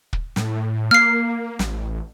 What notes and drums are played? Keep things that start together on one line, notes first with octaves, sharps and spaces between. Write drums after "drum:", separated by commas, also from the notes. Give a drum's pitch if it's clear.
drum: kick
A2, drum: snare
A#3 F6 C7
A1, drum: snare